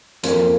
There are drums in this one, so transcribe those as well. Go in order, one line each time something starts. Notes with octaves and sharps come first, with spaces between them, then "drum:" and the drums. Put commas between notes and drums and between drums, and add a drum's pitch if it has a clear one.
F2 A#3, drum: hi-hat